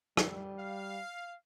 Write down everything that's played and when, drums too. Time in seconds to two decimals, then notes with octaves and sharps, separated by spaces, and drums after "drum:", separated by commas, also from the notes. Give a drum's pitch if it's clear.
0.17 G3, drum: rim click
0.60 F5